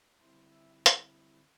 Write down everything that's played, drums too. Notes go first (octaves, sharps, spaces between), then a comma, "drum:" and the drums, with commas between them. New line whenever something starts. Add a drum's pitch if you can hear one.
D3 G3 C4 E4 C5
E5
drum: hi-hat